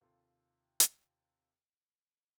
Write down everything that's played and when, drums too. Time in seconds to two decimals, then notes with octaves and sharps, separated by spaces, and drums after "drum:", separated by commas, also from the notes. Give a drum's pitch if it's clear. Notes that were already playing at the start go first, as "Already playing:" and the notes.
0.01 D#2 C3 F4 A4 C6
0.80 drum: hi-hat